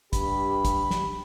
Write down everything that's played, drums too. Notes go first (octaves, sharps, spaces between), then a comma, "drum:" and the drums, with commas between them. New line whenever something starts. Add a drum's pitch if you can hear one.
G2 G4 B5, drum: kick, hi-hat
drum: kick, hi-hat
drum: snare